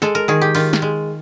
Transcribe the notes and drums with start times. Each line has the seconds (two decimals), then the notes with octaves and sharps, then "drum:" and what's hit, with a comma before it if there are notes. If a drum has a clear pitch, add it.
0.02 G#3 A4, drum: snare
0.15 A#4
0.28 D#3 G#4
0.41 G4
0.55 D#3 F4, drum: open hi-hat
0.73 drum: snare
0.82 G#3